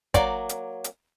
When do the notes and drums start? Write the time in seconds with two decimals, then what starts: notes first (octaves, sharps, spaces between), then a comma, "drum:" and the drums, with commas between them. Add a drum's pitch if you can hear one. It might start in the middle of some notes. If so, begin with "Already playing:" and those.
0.14 F#3 A#3 D5, drum: kick, hi-hat
0.49 drum: hi-hat
0.84 drum: hi-hat